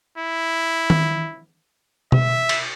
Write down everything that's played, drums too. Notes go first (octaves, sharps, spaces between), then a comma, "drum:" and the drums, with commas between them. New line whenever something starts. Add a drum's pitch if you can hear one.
E4
drum: tom D#3
E5, drum: tom B2
drum: cymbal